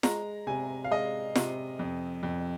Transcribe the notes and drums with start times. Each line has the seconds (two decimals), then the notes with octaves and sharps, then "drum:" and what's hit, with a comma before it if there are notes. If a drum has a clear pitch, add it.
0.03 G#3 A#5, drum: snare
0.47 C3 G#5
0.84 F5
0.91 G#3 D#5
1.35 C3, drum: snare
1.79 F2
2.23 F2